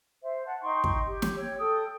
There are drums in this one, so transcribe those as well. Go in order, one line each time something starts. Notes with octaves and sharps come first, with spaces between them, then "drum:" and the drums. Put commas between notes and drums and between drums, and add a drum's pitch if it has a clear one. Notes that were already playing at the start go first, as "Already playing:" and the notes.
C5 E5
F#5 A5
D#4 G5 C6 C#6
drum: kick
G4
drum: snare
G4 C#5 G5 E6
A4 G5 D#6